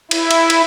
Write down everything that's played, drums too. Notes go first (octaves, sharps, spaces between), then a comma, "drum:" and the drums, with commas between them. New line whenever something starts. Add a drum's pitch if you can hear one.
E4, drum: cymbal
drum: cymbal
drum: cymbal